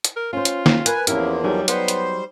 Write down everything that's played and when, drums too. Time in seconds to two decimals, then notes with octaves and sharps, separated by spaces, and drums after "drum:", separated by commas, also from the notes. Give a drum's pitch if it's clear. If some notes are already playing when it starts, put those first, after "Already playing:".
0.04 drum: hi-hat
0.16 A#4
0.33 C#4 F4 C5
0.45 drum: hi-hat
0.66 drum: snare
0.86 A#4 B4 G#5, drum: hi-hat
1.07 E2 F3 A#3 C#4 E4 G4 A#4, drum: hi-hat
1.44 F#3 G3 D#4 G#4
1.68 G3 B3 C5, drum: hi-hat
1.88 drum: hi-hat